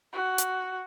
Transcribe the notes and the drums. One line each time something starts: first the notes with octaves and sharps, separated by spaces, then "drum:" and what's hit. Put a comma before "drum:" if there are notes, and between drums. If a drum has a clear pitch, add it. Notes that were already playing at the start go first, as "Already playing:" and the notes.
F#4
drum: hi-hat